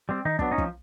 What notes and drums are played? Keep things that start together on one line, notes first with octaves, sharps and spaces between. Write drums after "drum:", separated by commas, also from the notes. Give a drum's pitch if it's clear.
G3 C4
D#3 D#4
F#3 B3 D4, drum: kick
C#4 D#4
F3, drum: kick